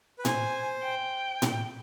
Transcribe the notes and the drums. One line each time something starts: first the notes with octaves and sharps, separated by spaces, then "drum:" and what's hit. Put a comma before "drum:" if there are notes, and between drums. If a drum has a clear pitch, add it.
B4
C5 G#5, drum: tom A2
G5
drum: tom A2